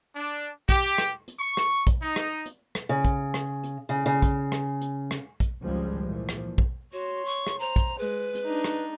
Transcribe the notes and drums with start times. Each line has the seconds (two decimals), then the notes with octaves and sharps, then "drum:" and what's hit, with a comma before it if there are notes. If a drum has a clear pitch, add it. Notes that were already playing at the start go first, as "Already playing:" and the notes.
0.16 D4
0.69 G4, drum: kick, hi-hat
0.98 drum: rim click
1.28 drum: hi-hat
1.39 C#6
1.57 drum: rim click
1.87 drum: kick, hi-hat
2.02 D#4
2.16 drum: rim click
2.46 drum: hi-hat
2.75 drum: rim click
2.89 C#3
3.05 drum: kick, hi-hat
3.34 drum: rim click
3.64 drum: hi-hat
3.89 C#3
4.06 C#3
4.22 drum: kick, hi-hat
4.52 drum: rim click
4.81 drum: hi-hat
5.11 drum: rim click
5.40 drum: kick, hi-hat
5.62 G#1 C#2 C#3 F3 G3 G#3
6.04 A#2 E3 F3
6.29 drum: rim click
6.58 drum: kick
6.93 F#4 C#5 C6
7.25 C#6
7.47 drum: rim click
7.59 C5 A#5
7.76 drum: kick, hi-hat
7.98 G#3 B4
8.35 drum: hi-hat
8.44 D4 D#4
8.64 drum: rim click